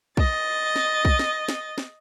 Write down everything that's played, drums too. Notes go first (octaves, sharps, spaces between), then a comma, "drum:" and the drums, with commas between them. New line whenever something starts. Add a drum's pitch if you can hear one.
D#5 A6, drum: kick
drum: snare
drum: kick
drum: snare
drum: snare
drum: snare